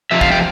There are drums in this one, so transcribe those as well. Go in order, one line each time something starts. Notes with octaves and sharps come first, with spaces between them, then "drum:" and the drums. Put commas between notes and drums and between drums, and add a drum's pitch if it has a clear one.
F2 C3 F3 E5
F5, drum: kick
G5